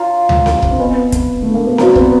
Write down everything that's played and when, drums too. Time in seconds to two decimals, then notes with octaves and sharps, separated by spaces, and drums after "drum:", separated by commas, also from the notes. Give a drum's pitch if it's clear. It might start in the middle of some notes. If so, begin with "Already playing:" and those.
Already playing: F4 C#5 F5 A#5
0.29 drum: tom D2
0.46 drum: snare C4
0.62 drum: kick
0.72 C4
0.79 B3 B4 D#5 G#5 B5
1.12 drum: kick, hi-hat
1.42 A3
1.54 A#3
1.66 B3
1.78 C4 F#4 B4 D5 F5 A#5, drum: snare C4
1.95 B3, drum: kick